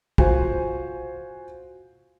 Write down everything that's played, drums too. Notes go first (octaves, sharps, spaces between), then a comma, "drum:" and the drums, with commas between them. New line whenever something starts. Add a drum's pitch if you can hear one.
F4 F#4 C5 G#5, drum: kick